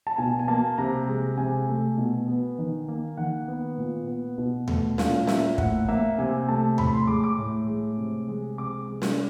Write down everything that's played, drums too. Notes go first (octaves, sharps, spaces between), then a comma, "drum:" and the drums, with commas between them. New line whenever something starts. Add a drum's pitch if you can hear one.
A5
B2 G#5
G#5
A#3 A5
C3 A#5
G#3
C3 G#5
A3
B2
B3
D#3
A#3
D#3 F#5
B3
A#2
B3
B2
A3, drum: tom D#2
A#2 F5, drum: snare
A#3 E5, drum: snare
A2 F#5, drum: kick
A#3 E5
C3 G#5
A3 A5
A2 B5, drum: tom D#2
C6
G#3 D6
D6
A2
G#3
C3
G#3
C3 D6
G#3
drum: snare